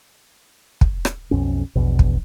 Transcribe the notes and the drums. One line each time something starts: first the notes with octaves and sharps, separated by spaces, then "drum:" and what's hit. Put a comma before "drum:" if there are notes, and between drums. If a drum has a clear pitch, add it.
drum: kick
drum: rim click
B1 F2 C#4
A#1 E2 B2
drum: kick